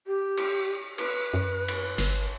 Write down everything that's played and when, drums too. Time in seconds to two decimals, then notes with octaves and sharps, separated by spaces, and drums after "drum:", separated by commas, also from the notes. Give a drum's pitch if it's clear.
0.07 G4
0.37 drum: cymbal
0.98 B4, drum: cymbal
1.34 F#2
1.68 drum: cymbal
1.98 G1, drum: open hi-hat